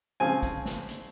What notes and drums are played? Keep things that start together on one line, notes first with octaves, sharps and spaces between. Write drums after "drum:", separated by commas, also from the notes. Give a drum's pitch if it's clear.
C#3 F3 C4 G#5
drum: kick, hi-hat
drum: snare
drum: hi-hat